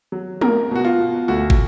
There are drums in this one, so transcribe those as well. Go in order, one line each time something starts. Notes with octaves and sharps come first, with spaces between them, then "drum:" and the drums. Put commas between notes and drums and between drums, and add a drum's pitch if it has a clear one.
F#3
A#3 A#4, drum: tom
B2 F#4
F4
B2
D2 F#4
drum: kick